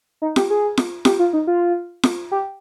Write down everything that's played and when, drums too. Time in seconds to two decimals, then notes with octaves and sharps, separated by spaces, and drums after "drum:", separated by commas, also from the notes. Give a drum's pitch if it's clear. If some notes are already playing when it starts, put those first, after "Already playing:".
0.22 D#4
0.36 G4, drum: snare F4
0.50 G#4
0.77 drum: snare F4
1.05 G4, drum: snare F4
1.19 F4
1.33 D#4
1.47 F4
2.03 drum: snare F4
2.31 G4